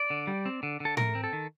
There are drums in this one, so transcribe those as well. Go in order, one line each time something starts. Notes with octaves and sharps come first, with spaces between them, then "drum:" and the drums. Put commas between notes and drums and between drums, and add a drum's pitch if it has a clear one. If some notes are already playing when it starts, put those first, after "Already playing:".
Already playing: D5
D3
G3
C4
D3
D3 A4
A3 A#4, drum: tom A2
C4
A4
D#3